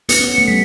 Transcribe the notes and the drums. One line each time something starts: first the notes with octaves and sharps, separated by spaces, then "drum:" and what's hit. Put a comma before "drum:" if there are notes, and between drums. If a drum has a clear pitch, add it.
B3 C#7, drum: hi-hat
C#4
A3
G3 B6